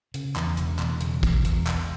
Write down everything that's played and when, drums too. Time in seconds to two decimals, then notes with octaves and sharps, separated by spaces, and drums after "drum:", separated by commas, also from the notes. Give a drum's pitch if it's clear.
0.14 C#3, drum: hi-hat
0.36 E2, drum: clap
0.57 E1, drum: hi-hat
0.79 E1, drum: clap
1.01 C#3, drum: hi-hat
1.23 E2, drum: kick, hi-hat
1.45 E1, drum: hi-hat
1.67 E1, drum: clap